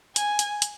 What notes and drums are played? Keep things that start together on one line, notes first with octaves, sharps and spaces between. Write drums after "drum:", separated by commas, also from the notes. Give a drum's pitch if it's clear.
G#5, drum: hi-hat
drum: hi-hat
drum: hi-hat